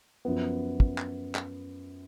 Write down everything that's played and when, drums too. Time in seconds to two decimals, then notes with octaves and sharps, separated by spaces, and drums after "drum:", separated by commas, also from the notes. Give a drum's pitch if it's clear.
0.25 F#2 F3 B3
0.80 drum: kick
0.98 drum: clap
1.35 drum: clap